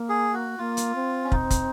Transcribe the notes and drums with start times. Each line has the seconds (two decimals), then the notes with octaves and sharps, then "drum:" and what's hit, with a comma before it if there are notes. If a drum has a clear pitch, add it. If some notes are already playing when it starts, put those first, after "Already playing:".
Already playing: A#3
0.09 G#4
0.34 F#4
0.58 A#3 F4
0.77 drum: hi-hat
0.95 C4
1.24 C#4
1.32 D#4, drum: kick
1.50 drum: kick, hi-hat